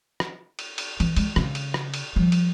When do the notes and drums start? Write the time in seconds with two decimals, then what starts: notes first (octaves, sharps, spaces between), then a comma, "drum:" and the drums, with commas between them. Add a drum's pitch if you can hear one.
0.20 drum: rim click
0.59 drum: cymbal
0.78 drum: cymbal
1.00 E3, drum: cymbal
1.16 G#3, drum: cymbal
1.36 C#3, drum: rim click
1.55 drum: cymbal
1.74 drum: rim click
1.94 drum: cymbal
2.16 F3 G3
2.32 drum: cymbal